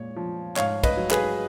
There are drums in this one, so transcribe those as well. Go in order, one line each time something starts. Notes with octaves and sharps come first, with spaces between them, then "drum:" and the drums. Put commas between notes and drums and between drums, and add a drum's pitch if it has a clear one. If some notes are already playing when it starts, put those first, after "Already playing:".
Already playing: A#2 G#3 C#5
F3
G#2 C#5 F5, drum: clap
B4 D#5, drum: kick, cymbal
F#3
G#4 B4, drum: clap